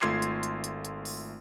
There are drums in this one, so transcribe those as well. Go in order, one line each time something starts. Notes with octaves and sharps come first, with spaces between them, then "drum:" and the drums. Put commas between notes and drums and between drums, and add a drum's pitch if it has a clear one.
G#1 A3 F4 C6 G#6 C7, drum: clap
drum: hi-hat
drum: hi-hat
drum: hi-hat
drum: hi-hat
drum: open hi-hat